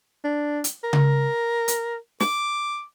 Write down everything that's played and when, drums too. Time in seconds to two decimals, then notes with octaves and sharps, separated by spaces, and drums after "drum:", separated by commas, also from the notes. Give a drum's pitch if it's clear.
0.24 D4
0.64 drum: hi-hat
0.84 A#4
0.93 drum: tom C#3
1.68 drum: hi-hat
2.20 D6, drum: snare